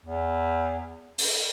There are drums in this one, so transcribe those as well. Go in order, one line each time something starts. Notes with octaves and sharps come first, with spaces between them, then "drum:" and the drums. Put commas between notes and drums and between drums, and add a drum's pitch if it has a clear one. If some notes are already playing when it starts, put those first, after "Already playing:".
E2
drum: open hi-hat